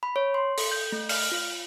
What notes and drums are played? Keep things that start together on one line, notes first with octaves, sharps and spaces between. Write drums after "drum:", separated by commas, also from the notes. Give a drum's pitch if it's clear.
B5
C#5
C6
A4, drum: open hi-hat
G6
A3
F6, drum: open hi-hat
F4